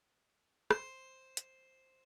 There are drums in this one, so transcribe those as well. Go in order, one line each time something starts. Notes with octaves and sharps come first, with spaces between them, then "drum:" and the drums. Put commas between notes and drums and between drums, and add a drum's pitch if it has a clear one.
C5, drum: rim click
drum: hi-hat